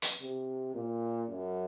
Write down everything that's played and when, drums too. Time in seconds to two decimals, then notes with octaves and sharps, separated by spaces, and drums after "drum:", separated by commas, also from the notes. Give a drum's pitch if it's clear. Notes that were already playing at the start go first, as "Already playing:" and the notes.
0.02 drum: hi-hat
0.21 C3
0.74 A#2
1.29 F#2